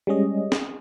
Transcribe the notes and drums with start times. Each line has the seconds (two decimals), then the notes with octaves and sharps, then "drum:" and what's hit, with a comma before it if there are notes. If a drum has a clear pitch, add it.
0.07 G3 G#3 C#4 D#5
0.52 drum: snare